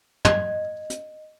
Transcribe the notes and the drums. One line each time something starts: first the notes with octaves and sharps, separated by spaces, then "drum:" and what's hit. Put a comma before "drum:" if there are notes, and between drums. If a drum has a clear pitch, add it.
D#5, drum: tom
drum: hi-hat